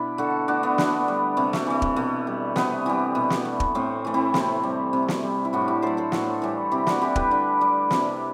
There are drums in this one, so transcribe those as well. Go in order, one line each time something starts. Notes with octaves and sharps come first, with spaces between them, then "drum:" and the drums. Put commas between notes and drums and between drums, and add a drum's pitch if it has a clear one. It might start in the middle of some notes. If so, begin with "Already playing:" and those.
Already playing: B2 D4 E4
D3 F#4 A4
A3 D4 F#4
B3
D3, drum: snare
G3
C3 A3
A3, drum: snare
E3 A3
drum: kick
B2 A3
G3
C3 B3, drum: snare
E3 G3
B2
drum: snare
A3
drum: kick
A2 A3 C4
E3 A3
C4 E4
C3, drum: snare
G3
C3
drum: snare
G3
E4
A2 D4 F#4
E4 G4
F#3 A3 A4 C5
A4 C5
A2 F#4 A4, drum: snare
E3 G3
C3 E4 G4
D4 F#4, drum: snare
E3 G3 E4 G4
G4 B4, drum: kick
D3
G3
C3, drum: snare